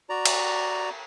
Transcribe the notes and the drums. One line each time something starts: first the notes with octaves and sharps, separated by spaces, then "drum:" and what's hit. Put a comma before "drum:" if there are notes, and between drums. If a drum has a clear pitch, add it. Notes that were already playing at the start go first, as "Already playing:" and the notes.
F#4 D5 A#5
drum: cymbal